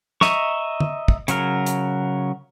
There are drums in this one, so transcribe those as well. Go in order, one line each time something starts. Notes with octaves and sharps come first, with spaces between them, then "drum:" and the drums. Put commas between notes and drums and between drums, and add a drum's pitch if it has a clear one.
D#5 E5 A#5 C#6, drum: snare
drum: tom D3
drum: kick
C#3 F#3 A#4, drum: hi-hat
drum: hi-hat